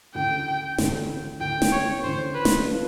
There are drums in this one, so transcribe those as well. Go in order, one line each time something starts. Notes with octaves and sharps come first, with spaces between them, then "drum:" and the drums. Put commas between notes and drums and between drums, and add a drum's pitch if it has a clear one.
D2 C#3 E3 G5
D2 C#3 E3, drum: snare
D2 C#3 E3 G5
drum: snare
C#5
D2 C#3 E3 C5
B4
drum: snare
E3 A3 D4 F4